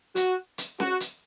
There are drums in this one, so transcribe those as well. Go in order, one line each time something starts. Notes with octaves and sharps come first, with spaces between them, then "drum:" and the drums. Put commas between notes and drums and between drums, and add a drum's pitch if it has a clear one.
F#4, drum: hi-hat
drum: hi-hat
F#4, drum: snare
drum: hi-hat